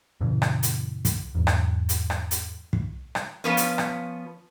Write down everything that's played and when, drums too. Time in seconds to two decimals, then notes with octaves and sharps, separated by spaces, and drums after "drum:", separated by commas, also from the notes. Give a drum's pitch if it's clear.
0.21 F#2 A#2 C#3 E3
0.42 drum: rim click
0.63 drum: hi-hat
1.05 drum: kick, hi-hat
1.35 E2 G#2
1.47 drum: rim click
1.89 drum: hi-hat
2.10 drum: rim click
2.31 drum: hi-hat
2.73 drum: kick
3.15 drum: rim click
3.44 F3 B3 C#4
3.57 drum: hi-hat
3.78 drum: rim click